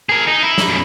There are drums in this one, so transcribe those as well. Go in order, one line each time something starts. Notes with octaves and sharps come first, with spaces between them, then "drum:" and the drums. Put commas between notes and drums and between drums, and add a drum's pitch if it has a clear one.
G#4 A#4
D#4
E4
drum: snare
F#2 B2